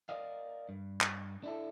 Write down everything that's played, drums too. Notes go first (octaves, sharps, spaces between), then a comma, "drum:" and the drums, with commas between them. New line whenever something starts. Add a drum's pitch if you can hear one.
A#4 D5 D#5 F5
G2
drum: clap
D4 E4 A4